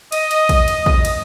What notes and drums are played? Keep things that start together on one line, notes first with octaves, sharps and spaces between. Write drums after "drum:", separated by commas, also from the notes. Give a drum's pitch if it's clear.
D#5, drum: cymbal
drum: cymbal
drum: kick, cymbal
drum: cymbal
drum: kick
drum: cymbal